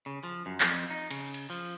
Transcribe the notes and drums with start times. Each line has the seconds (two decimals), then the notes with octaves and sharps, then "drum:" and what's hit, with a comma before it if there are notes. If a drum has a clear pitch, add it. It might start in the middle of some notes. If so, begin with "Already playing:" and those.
0.06 C#3
0.23 F3
0.46 F#2
0.60 F2, drum: clap
0.90 D#4
1.11 C#3, drum: cymbal
1.34 drum: cymbal
1.50 F3